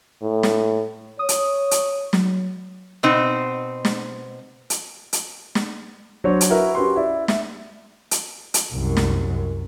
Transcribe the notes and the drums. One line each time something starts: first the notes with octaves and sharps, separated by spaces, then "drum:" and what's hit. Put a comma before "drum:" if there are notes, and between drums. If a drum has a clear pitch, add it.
A2
drum: snare
C#5 D#6
drum: hi-hat
drum: hi-hat
F#3, drum: snare
B2 C4 D#4
drum: snare
drum: hi-hat
drum: hi-hat
drum: snare
F#3 D4 C5 C#5
drum: hi-hat
E4 F#4 A#4 B4
C#4 F#4 G4 B4 C6
E4 D5
E5, drum: snare
drum: hi-hat
drum: hi-hat
C2 F#2
drum: snare